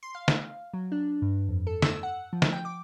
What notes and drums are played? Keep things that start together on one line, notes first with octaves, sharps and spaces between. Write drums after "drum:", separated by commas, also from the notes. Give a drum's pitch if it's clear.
C6
F5
drum: snare
F#3
D4
G2
F2
A4
E6, drum: snare
F#5
F3
drum: snare
G5
D6